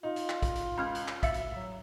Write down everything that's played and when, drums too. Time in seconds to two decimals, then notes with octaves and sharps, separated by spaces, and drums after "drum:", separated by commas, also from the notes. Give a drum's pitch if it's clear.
0.03 D#4 F4
0.16 drum: hi-hat
0.29 drum: clap
0.43 drum: kick, hi-hat
0.56 drum: hi-hat
0.78 C#2 B5 F6 G#6
0.95 drum: hi-hat
1.08 drum: clap
1.23 D2 E5 F5 A6 C#7, drum: kick, hi-hat
1.34 drum: hi-hat
1.55 F#3